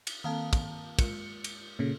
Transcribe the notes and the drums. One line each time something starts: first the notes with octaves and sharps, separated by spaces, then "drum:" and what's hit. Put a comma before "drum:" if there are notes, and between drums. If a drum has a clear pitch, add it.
drum: cymbal
D#3 A#3 C4 A4 F5 A5
drum: kick, cymbal
G#3 F4 A#4 C#7, drum: kick, cymbal
drum: cymbal
A#2 C#3 A4